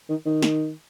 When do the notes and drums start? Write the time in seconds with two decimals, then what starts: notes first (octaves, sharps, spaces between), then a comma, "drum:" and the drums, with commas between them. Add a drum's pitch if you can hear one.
0.09 D#3
0.26 D#3
0.42 drum: snare